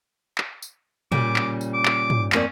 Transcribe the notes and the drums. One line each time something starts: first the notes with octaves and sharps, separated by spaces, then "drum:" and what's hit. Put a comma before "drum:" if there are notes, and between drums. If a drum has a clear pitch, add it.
drum: clap
drum: tambourine
A#2 C#3 G3 D6, drum: tom
drum: clap
drum: tambourine
D6
drum: clap
drum: tom
F2 A#3 C#4 D5, drum: clap